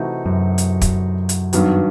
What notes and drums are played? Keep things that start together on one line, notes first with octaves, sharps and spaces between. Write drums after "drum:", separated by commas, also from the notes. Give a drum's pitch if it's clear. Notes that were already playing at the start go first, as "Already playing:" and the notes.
Already playing: C3 E3 A3 D#4 F#4
F#2
drum: hi-hat
drum: kick, hi-hat
drum: hi-hat
G2 D#3 F#3 B3, drum: hi-hat